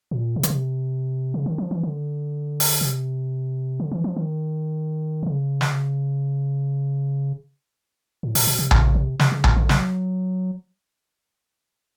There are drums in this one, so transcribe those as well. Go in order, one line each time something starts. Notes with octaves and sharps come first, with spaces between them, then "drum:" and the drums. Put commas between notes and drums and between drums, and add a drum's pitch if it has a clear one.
A#2
C3
C#3, drum: hi-hat
C3
C#3
D#3
F3
E3
D3
drum: open hi-hat
C3
D3
E3
F3
D#3
C3
C#3
drum: snare
A2
A#2, drum: open hi-hat
B2
C3
C#3, drum: tom A#1
C3
C3, drum: snare
C#3
D3, drum: tom A#1
D3
F#3, drum: snare